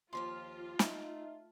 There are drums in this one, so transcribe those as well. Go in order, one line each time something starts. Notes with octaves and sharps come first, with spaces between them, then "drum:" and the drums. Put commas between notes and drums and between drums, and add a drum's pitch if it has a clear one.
D#2 F3 F4 G4 C6
A3 D#4, drum: snare